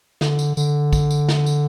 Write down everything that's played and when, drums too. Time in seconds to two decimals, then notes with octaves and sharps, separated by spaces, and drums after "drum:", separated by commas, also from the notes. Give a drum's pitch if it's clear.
0.21 D3, drum: snare
0.39 drum: tambourine
0.57 D3, drum: tambourine
0.93 drum: kick, tambourine
1.11 drum: tambourine
1.28 drum: snare
1.46 drum: tambourine